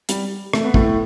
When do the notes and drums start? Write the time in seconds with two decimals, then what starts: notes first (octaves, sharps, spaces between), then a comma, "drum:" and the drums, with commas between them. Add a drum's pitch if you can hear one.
0.09 G3, drum: hi-hat
0.53 A3, drum: rim click
0.64 B3
0.74 A2 A3, drum: kick